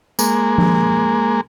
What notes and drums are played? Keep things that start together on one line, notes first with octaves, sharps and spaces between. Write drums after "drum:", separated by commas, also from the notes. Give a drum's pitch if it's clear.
G#3 A#3, drum: tambourine
drum: tom F3